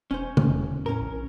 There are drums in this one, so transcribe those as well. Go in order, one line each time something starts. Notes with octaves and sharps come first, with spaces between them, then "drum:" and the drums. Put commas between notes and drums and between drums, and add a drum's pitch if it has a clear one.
E1 C#4 C5
drum: tom
E2
A2 C#4 A#4
A#1